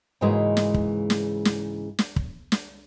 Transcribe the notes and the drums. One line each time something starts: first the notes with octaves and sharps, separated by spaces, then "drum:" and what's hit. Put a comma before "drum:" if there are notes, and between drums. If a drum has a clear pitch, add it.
G#2 C#3 E3 G#3 A#3 F#4
drum: snare
drum: kick
drum: snare
drum: snare
drum: snare
drum: kick
drum: snare